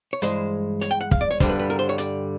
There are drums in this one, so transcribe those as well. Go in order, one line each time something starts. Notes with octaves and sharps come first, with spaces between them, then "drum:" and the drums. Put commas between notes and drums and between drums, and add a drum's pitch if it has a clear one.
C#5
G2 E3 G#3 C5, drum: hi-hat
C#5, drum: hi-hat
G5
F#5
F5, drum: kick
D5
C#5
G2 D3 G3 C5, drum: kick, hi-hat
B4
B4
A#4
C5
C#5
D5, drum: hi-hat